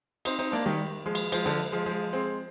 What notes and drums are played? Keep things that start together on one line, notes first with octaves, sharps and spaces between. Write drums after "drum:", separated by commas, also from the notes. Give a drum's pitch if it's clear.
C4 D#4, drum: cymbal
C4 D#4
A#3 D4
D#3 G3
F3 G#3
drum: cymbal
F3 G#3, drum: cymbal
D3 F3
F3 G#3
F3 G#3
G#3 C4